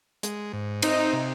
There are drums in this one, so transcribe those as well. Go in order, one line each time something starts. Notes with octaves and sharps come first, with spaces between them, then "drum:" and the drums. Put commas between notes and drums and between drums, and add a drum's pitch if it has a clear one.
G#3, drum: hi-hat
G#2
C4 D#4, drum: cymbal
C3